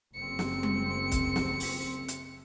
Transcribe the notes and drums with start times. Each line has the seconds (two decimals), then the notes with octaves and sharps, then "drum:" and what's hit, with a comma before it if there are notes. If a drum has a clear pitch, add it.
0.15 F#1 C4 C#7
0.39 drum: snare
0.63 drum: tom G3
1.11 drum: kick, hi-hat
1.36 drum: snare
1.60 drum: open hi-hat
2.08 drum: hi-hat